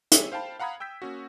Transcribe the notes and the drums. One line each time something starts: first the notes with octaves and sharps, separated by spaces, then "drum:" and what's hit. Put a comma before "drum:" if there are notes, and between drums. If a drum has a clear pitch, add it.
G4 G#4 C#5 E5, drum: hi-hat
C5 F5 G5 A5 B5
F5 F#5 A#5 B5 D#6 G#6
G5 E6 G6 B6
A#3 C#4 F#4